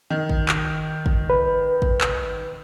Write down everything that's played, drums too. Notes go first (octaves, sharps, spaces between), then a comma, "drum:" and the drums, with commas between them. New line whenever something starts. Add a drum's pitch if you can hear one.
D#3
drum: kick
drum: clap
drum: kick
B4
drum: kick
drum: clap